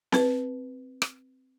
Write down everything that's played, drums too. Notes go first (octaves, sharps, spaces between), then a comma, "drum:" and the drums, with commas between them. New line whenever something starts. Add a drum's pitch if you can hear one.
C4 B4, drum: snare C4
drum: rim click